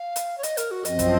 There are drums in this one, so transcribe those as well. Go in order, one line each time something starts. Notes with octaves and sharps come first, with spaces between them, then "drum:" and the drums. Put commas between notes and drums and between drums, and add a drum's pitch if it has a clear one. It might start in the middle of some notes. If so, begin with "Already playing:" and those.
Already playing: F5
drum: hi-hat
C#5
D#5, drum: hi-hat
A#4, drum: hi-hat
F#4
F#2 F3 C4 D#5, drum: hi-hat
drum: kick, hi-hat